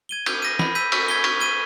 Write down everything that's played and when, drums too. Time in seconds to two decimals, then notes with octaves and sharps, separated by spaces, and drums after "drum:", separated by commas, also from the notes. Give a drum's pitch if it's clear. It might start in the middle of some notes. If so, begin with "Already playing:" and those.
0.09 G#6 D#7 G7
0.26 G6, drum: cymbal
0.42 A#6 D#7
0.59 B5, drum: snare
0.75 E6 G6 B6 D#7
0.92 C#6, drum: cymbal
1.08 G#6 B6 G7
1.24 C#6, drum: cymbal
1.40 G#6 D#7 G7